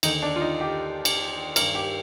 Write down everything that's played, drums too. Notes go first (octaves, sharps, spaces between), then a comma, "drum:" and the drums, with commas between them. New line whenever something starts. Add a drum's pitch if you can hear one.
D#2 D3 D#4, drum: cymbal
D4
F4
D#4
G4
drum: cymbal
G2 D#3 A#4, drum: cymbal
G4